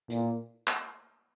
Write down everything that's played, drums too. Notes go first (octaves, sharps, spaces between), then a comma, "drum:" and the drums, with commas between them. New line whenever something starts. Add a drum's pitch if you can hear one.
A#2, drum: hi-hat
drum: clap